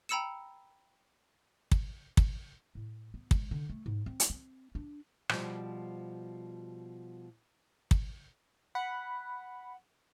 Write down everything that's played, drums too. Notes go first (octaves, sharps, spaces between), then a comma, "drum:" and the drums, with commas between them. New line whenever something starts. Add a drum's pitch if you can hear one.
G5 A#5 B5 E6 C#7 E7
drum: kick
drum: kick
A2
B3
G#3, drum: kick
D3
A3
G#2
C4
drum: hi-hat
C4
D4
B2 F3 G3, drum: rim click
drum: kick
F#5 B5